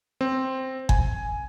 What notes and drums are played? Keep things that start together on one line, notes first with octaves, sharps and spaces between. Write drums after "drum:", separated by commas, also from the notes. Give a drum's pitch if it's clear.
C4
G#5, drum: kick G1